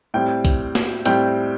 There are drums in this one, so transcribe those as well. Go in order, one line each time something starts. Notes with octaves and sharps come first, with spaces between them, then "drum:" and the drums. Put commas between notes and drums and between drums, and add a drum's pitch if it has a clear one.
A2 G3 C4 G5
drum: kick B1, hi-hat
drum: snare
A2 G3 C4 G5, drum: hi-hat